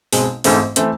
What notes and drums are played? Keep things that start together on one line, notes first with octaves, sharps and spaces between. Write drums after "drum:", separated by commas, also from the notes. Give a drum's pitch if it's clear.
B1 B2 G#3 C4, drum: open hi-hat
G#1 G#2 E3 A3 C4, drum: open hi-hat
E3 A3 C4, drum: hi-hat